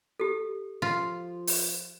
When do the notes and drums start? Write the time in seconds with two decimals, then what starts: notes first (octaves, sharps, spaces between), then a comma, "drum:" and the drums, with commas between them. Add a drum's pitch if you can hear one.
0.20 G4 A4
0.82 F3 F4
1.47 drum: open hi-hat